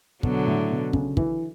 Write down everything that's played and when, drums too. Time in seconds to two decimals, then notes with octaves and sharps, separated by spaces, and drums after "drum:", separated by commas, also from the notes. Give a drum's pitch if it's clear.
0.23 B2 D3 F#3, drum: kick
0.47 A2
0.70 B2
0.93 C#3, drum: kick
1.17 E3, drum: kick